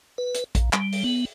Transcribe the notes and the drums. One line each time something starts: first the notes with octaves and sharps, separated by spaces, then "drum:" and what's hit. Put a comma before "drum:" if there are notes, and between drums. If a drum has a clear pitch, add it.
B4
drum: hi-hat
A#1, drum: kick, hi-hat
G3, drum: clap
drum: open hi-hat
B3